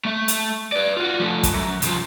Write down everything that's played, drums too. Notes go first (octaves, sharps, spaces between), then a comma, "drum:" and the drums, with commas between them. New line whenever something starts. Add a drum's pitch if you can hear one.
A3 E5
drum: hi-hat
B4 D5
F4 F#4
F3 A3
drum: kick, hi-hat
F#2
C2 F3, drum: hi-hat